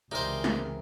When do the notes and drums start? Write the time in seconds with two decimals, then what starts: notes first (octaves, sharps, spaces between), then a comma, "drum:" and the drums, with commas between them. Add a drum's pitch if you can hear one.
0.12 C#2 C3 E3 D#4 G#4 A#4 C5 D5
0.44 drum: snare